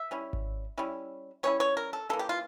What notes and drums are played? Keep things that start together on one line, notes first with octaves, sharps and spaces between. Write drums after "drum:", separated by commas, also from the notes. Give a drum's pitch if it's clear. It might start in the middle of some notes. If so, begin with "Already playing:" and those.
Already playing: E5
G3 C#4 E4
drum: kick G#1
G3 C#4 E4
G3 C#4 E4 C#5
C#5
A#4
A4
C#3 E3 A#3 A4
G4
F4